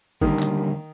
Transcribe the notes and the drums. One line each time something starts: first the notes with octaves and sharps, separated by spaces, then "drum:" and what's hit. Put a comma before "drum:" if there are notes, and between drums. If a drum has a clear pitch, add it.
D#2 D3 D#3 G3 A#3, drum: kick G#1
drum: clap